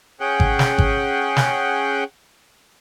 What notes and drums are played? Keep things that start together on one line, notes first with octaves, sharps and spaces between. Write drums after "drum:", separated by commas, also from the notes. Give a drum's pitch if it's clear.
C#4 G#4 F#5 G5
drum: kick G#1
drum: snare
drum: kick G#1
drum: snare